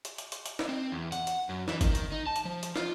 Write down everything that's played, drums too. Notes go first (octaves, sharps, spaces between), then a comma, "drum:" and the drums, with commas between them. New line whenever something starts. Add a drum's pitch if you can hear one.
drum: hi-hat
drum: hi-hat
drum: hi-hat
drum: hi-hat
drum: snare
C4
E2
F#5, drum: hi-hat
drum: hi-hat
F#2
E3, drum: snare
D#3, drum: kick, hi-hat
drum: hi-hat
D#4
A5
drum: hi-hat
F3
drum: hi-hat
F4, drum: snare